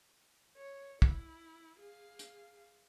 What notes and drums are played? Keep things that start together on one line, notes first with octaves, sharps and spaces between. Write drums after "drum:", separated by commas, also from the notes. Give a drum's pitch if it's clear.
C#5
E4, drum: kick
G#4 F5
drum: hi-hat